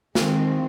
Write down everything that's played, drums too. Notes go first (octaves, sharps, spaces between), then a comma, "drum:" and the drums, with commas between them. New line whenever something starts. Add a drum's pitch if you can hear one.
D#3 G#3 C4, drum: snare